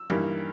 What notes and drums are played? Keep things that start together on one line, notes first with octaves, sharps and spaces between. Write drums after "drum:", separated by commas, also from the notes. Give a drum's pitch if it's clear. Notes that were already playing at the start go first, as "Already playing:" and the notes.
Already playing: E6
G2 E3 G3 A#3 D#4, drum: tom